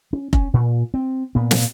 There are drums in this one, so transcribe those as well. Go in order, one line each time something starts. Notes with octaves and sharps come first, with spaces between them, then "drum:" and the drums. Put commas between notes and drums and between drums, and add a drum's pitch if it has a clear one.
C#4
C#4, drum: kick F1
A#2
C4
A#2 B3
drum: snare